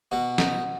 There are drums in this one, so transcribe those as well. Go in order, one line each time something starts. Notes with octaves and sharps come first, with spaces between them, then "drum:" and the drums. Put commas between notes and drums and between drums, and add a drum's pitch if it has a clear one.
B2 F#4
D#4, drum: snare